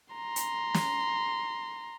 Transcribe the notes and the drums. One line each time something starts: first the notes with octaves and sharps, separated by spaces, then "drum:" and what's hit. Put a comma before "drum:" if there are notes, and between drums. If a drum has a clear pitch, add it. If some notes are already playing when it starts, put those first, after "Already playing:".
A#5 C6
drum: hi-hat
drum: snare